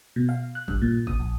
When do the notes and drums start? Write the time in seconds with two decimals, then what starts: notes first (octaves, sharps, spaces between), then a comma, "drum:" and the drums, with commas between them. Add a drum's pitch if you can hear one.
0.16 B2
0.29 F5
0.55 F#6
0.68 G2, drum: kick
0.82 A#2
1.07 D#6, drum: kick
1.20 A#1